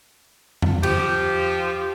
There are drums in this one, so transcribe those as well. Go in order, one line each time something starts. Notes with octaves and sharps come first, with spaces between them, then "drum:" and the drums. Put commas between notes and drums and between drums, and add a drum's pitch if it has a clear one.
drum: tom E2
F3 G4, drum: cymbal